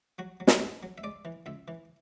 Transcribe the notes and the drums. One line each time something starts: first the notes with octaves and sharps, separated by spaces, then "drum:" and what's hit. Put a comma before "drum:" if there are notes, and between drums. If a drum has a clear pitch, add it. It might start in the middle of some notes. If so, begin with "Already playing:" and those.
F#3 F#4
F#3
E4, drum: snare
G#2
F#3
E5
G#3 D5
E3
C#2 E5
E3